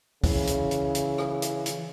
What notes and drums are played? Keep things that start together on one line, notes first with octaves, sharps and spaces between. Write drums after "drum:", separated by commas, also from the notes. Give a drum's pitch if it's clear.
C#3 E3, drum: kick, open hi-hat
drum: hi-hat
drum: hi-hat
drum: hi-hat
drum: rim click
drum: hi-hat
drum: hi-hat